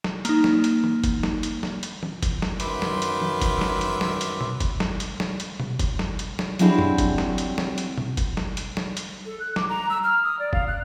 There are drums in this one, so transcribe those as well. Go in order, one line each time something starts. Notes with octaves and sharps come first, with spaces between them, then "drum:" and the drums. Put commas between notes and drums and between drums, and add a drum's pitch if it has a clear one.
drum: snare
A#3 D#4, drum: hi-hat
drum: snare
drum: hi-hat
drum: tom E3
drum: kick F#1, hi-hat
drum: snare
drum: hi-hat
drum: snare
drum: hi-hat
drum: tom E3
drum: kick F#1, hi-hat
drum: snare
F#2 D#3 B4 E5 C6 D6, drum: hi-hat
drum: snare
drum: hi-hat
drum: tom E3
drum: kick F#1, hi-hat
drum: snare
drum: hi-hat
drum: snare
drum: hi-hat
drum: tom B2
drum: kick F#1, hi-hat
drum: snare
drum: hi-hat
drum: snare
drum: hi-hat
drum: tom B2
drum: kick F#1, hi-hat
drum: snare
drum: hi-hat
drum: snare
F#3 G3 C4 D4 E4 G#4, drum: hi-hat
drum: tom F#2
drum: kick F#1, hi-hat
drum: snare
drum: hi-hat
drum: snare
drum: hi-hat
drum: tom B2
drum: kick F#1, hi-hat
drum: snare
drum: hi-hat
drum: snare
drum: hi-hat
A4
F#6
D6, drum: snare
A#5
E6
F6
D#6
D5
F5, drum: kick F#1
F#6